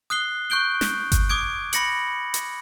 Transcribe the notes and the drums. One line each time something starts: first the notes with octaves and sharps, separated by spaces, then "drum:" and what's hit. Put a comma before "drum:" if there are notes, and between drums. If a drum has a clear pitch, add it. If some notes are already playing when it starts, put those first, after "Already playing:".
D#6 F#6 C7 G7
C#6 F#6 G6 D7 G7
drum: snare
drum: kick G1, hi-hat
D6 D#6 G#6 D7
B5 A#6 C#7 F#7, drum: hi-hat
drum: hi-hat